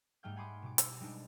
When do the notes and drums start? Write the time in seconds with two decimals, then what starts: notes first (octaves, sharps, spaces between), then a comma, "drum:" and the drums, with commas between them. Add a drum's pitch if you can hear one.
0.23 G#2 G3 A3 G5 F6 G6
0.36 F#5 G#5 B5 C6 D6 D#6
0.62 B2 G3 D6
0.78 G4 E6, drum: hi-hat
1.00 G3 G#3 D4 D#4 G4